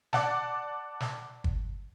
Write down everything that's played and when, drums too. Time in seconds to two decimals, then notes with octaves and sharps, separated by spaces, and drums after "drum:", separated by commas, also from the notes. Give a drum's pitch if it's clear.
0.13 D5 F#5 A5, drum: snare
1.00 drum: snare
1.44 drum: kick